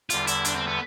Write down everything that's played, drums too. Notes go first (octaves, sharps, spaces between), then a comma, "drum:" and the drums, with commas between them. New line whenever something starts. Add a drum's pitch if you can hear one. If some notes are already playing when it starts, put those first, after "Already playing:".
E2 D3 G3 F4, drum: hi-hat
E4, drum: hi-hat
D4, drum: hi-hat
C4
B3